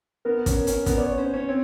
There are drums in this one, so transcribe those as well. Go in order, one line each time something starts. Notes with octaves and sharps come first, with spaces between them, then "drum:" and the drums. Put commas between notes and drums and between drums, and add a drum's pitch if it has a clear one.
B3 A#4
C#4, drum: kick, hi-hat
C#4, drum: hi-hat
B3 A#4, drum: kick, hi-hat
D5
C#5
C#4 C5
C#4 C#5
C4 C#5